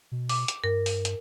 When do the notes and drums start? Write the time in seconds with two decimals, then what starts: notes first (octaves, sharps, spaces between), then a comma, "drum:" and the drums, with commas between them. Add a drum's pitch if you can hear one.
0.12 B2
0.29 D6, drum: open hi-hat
0.48 drum: hi-hat
0.64 G2 A#4
0.86 drum: open hi-hat
1.05 drum: hi-hat